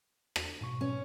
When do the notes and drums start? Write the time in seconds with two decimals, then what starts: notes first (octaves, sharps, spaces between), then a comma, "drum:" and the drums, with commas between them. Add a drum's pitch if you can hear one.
0.36 drum: rim click
0.61 G#2 B2 C#6
0.81 C#4